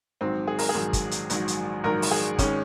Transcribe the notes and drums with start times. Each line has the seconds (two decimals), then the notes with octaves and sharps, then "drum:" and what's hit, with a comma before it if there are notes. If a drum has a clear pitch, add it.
0.21 A#1 G#2 D#3 F#3 C4
0.47 G#4
0.59 A#4, drum: open hi-hat
0.69 G#4
0.74 A#1 G#2 D#3 F#3
0.93 drum: kick, hi-hat
1.11 drum: hi-hat
1.30 A#1 G#2 D#3 F#3, drum: hi-hat
1.48 drum: hi-hat
1.84 A#1 G#2 D#3 F#3 A#4
2.02 drum: open hi-hat
2.11 G#4
2.39 G#1 D#3 G#3 C#4, drum: kick, hi-hat